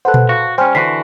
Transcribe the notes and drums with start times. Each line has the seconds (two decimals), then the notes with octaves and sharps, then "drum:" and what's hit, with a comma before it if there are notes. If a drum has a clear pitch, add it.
0.05 A4 B4 C5 F#5 F#6
0.14 drum: tom A#2
0.29 F#4 F5
0.58 G3 C#4 C5 G5 G#5 F6
0.75 D3 E3 F#4 B6 C7